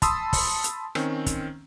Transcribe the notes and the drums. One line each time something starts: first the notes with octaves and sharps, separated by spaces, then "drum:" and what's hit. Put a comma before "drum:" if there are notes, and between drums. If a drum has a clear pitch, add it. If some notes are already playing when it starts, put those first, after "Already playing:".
A5 B5 C6 D#6 E6, drum: kick, hi-hat
drum: kick, open hi-hat
drum: hi-hat
D#3 C4 C#4, drum: rim click
drum: kick, hi-hat